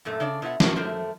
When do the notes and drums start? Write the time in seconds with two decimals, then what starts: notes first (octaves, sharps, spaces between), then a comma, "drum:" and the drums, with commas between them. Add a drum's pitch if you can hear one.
0.05 F#2 A#2 A3
0.20 C#3 D4 D5
0.42 B2 F4 E5 F#5
0.60 F#4 A#4, drum: snare
0.76 F#2 A3 A#4 C5